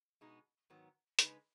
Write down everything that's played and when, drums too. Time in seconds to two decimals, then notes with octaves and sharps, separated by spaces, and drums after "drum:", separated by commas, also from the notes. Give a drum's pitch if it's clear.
0.21 B2 G#3 D#4
0.70 G#2 D#3 F#3 B3
1.19 C#3 G#3 D#4 G#4 B4, drum: hi-hat